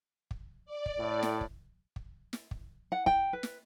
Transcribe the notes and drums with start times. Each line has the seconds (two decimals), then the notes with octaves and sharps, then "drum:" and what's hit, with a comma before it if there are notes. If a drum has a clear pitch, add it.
0.31 drum: kick
0.66 D5
0.86 drum: kick
0.99 A2
1.23 drum: snare
1.41 drum: kick
1.96 drum: kick
2.33 drum: snare
2.51 drum: kick
2.92 F#5
3.06 G5, drum: kick
3.33 B4
3.43 drum: snare